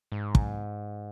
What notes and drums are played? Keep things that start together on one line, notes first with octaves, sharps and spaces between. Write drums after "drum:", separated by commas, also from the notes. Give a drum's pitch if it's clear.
G#2
drum: kick